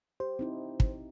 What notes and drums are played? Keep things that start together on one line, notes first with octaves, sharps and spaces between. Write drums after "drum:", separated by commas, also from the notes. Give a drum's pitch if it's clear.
G4 C5
C4 D#4 E4
drum: kick